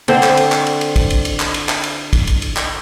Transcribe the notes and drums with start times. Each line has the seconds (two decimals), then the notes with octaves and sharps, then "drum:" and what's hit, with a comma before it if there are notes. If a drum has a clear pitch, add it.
0.08 D3 C4 C5, drum: cymbal
0.23 drum: clap
0.37 drum: cymbal
0.52 drum: clap
0.67 drum: cymbal
0.81 drum: cymbal
0.96 drum: kick, cymbal
1.10 drum: cymbal
1.25 drum: cymbal
1.40 drum: clap
1.54 drum: cymbal
1.69 drum: clap
1.84 drum: cymbal
2.13 drum: kick, cymbal
2.27 drum: cymbal
2.42 drum: cymbal
2.57 drum: clap